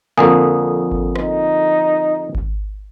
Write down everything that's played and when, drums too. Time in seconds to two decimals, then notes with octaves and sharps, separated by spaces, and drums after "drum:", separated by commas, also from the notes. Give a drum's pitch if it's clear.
0.18 F2 D3 A#3 G#5 D#6
0.92 drum: kick G#1
1.16 D#4, drum: rim click
2.35 drum: kick G#1